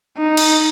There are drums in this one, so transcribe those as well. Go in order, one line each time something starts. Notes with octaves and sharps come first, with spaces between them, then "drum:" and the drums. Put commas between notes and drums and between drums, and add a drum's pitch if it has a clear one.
D#4
drum: cymbal